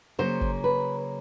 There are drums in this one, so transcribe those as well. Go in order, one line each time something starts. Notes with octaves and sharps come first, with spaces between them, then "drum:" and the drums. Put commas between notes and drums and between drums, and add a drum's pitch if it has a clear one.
C#3 F#3 A#3 C5
drum: kick
B4